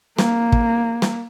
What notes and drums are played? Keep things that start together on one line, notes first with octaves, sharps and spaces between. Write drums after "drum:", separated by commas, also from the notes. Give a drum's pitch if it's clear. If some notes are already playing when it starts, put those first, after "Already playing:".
A#3, drum: snare
drum: kick
drum: snare